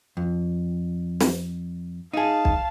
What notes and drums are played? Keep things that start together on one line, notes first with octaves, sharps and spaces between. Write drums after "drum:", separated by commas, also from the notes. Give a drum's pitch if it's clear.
F2
drum: snare
D#4 G#4 F5 A5
drum: kick B1